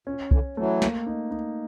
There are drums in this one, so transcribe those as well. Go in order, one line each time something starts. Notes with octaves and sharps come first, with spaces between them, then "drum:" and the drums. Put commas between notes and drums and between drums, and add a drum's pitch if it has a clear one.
A#2 C#4
D3 E3 C#4, drum: kick C2
E3 F#3 A3
A#3, drum: snare
D#4
D#4